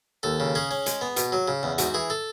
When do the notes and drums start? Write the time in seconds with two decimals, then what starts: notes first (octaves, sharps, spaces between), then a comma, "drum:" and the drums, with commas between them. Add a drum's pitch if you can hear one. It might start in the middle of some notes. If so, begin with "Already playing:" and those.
0.23 D#2 A4
0.40 C#3
0.55 C#4 G#4
0.71 C#4
0.86 G#3, drum: hi-hat
1.01 B3
1.17 B2, drum: hi-hat
1.32 F#3
1.48 C#3
1.63 E2
1.78 G#2 F#4, drum: hi-hat
1.94 E3 G#4
2.10 A4